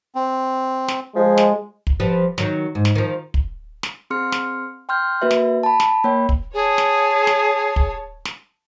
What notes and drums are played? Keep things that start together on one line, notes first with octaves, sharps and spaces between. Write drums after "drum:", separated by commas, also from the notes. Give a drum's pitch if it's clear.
C4
drum: snare
F3 G#3
drum: snare
drum: kick
F3 G3 B4
D#3 F#3, drum: snare
G#2
drum: snare
D#3 F3
drum: kick
drum: snare
C4 G#4 C6 F6 C#7
drum: snare
G5 C6 F6 G6
A#3 F#4 B4 E5
drum: snare
A5 B5
drum: snare
A#3 C#5 G5 B5
drum: kick
G#4 C#5 A5
drum: snare
drum: snare
drum: kick
drum: snare